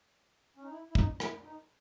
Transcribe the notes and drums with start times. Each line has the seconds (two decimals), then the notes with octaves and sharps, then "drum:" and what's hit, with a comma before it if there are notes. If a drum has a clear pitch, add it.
0.57 C#4
0.63 D#4
0.71 E4
0.91 E4
0.95 D#4, drum: kick
1.20 E4, drum: rim click
1.45 D#4